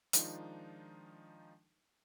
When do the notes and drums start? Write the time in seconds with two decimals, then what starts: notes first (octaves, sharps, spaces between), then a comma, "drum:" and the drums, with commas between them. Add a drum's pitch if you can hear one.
0.13 D#3 F3 G#3 D4 D#4 F4, drum: hi-hat